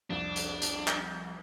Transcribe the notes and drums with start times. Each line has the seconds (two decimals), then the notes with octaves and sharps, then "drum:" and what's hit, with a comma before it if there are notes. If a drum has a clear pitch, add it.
0.10 C2 F2 D4
0.36 drum: hi-hat
0.62 drum: hi-hat
0.88 drum: clap